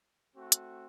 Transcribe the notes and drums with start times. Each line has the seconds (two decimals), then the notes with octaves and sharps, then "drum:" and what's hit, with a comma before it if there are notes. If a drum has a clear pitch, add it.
0.36 A3 C4 F#4
0.52 drum: hi-hat